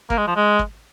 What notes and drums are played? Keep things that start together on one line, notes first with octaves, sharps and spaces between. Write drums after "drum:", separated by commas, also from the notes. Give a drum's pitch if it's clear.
A#3, drum: kick
G#3
F3
G#3
drum: kick